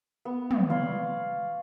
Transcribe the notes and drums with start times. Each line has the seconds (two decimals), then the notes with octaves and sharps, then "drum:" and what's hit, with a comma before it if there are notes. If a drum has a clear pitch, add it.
0.25 B3
0.51 drum: tom
0.70 C#5 D5 F5 C6